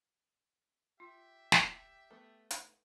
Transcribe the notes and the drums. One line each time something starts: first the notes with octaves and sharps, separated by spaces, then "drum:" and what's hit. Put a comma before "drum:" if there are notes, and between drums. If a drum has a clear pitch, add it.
F4 G4 E5
drum: snare
A3 B3
drum: hi-hat